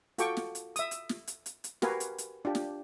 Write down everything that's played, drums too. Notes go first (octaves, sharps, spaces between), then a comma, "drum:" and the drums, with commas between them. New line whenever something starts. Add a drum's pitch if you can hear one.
F4 F#4 A4 G5 C#6 D6, drum: hi-hat
drum: snare
drum: hi-hat
E5 D#6, drum: hi-hat
drum: hi-hat
drum: snare
drum: hi-hat
drum: hi-hat
drum: hi-hat
F#4 G4 A#4 B4 F5 G#5, drum: snare
drum: hi-hat
drum: hi-hat
D4 F4 G4
drum: snare